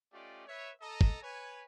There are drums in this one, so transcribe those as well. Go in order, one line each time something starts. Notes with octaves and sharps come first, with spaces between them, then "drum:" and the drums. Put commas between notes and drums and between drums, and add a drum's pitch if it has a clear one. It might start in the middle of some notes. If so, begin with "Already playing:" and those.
A3 C#4 F4 G4 D5 D#5
B4 C#5 E5
A4 D#5 A#5
drum: kick
B4 C#5 G#5